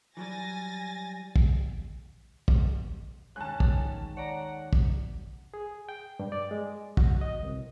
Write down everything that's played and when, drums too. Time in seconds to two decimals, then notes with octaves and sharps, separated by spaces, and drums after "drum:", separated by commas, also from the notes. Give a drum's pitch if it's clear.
0.17 E3 F#3 G3 G#5 A6 A#6
1.36 drum: kick
2.48 drum: kick
3.36 D#2 G#3 C#4 G#5 A5 F#6
3.60 drum: kick
4.17 C#5 D5 F#5 A#5
4.73 drum: kick
5.54 G#4
5.89 G5
6.19 G2
6.32 D5
6.51 G#3
6.97 F#4, drum: kick
7.21 D#5
7.43 C2